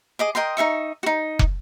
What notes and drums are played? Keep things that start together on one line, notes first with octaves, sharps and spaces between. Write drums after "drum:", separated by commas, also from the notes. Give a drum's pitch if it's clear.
G#4 D#5 D6
A#4 D#5 G5 C6
D#4 G#4 E5 C#6
D#4 F#4
drum: kick